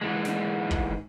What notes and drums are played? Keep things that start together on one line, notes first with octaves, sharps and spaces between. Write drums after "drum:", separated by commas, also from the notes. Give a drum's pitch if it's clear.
G#2 E3 G#3
drum: snare
drum: kick